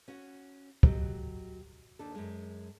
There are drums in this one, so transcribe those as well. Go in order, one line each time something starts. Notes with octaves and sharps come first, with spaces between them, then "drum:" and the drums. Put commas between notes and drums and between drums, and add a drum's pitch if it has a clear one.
C#4 F#4 C#5 F#5
F#3 F#4 G4 A4 D#5, drum: kick
D#2 D4 A4
F#2 G#3